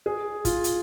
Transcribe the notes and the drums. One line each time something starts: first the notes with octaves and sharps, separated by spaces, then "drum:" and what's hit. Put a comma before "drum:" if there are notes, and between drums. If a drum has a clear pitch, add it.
G#4
F4, drum: kick, hi-hat
drum: hi-hat